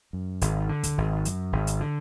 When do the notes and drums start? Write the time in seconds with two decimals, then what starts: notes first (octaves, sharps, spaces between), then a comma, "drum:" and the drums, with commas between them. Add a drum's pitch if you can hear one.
0.13 F#2
0.41 G#1, drum: hi-hat
0.69 D3
0.83 drum: kick, hi-hat
0.98 G#1
1.25 F#2, drum: hi-hat
1.53 G#1
1.67 drum: hi-hat
1.81 D3